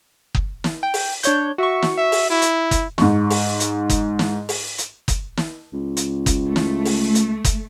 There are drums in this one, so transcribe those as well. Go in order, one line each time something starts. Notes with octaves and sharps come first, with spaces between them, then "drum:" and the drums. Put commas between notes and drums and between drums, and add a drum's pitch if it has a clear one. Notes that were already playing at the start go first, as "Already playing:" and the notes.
drum: kick F#1
drum: snare
G5
drum: open hi-hat
D4 C#5 G6, drum: hi-hat
F#4 E5 C#6
drum: snare
E5
drum: open hi-hat
E4
drum: hi-hat
drum: kick F#1, hi-hat
G#2 C#6, drum: snare
drum: open hi-hat
drum: hi-hat
drum: kick F#1, hi-hat
drum: snare
drum: open hi-hat
drum: hi-hat
drum: kick F#1, hi-hat
drum: snare
C#2
drum: hi-hat
drum: kick F#1, hi-hat
A3
drum: snare
drum: open hi-hat
drum: hi-hat
drum: kick F#1, hi-hat